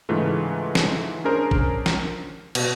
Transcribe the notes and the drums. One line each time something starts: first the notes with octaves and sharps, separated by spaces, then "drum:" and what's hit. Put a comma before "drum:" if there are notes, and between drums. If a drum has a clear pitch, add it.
G#2 C#3 E3 A3 F4
drum: snare
C#4 D4 G#4 A#4 C5
drum: kick
drum: snare
B2, drum: cymbal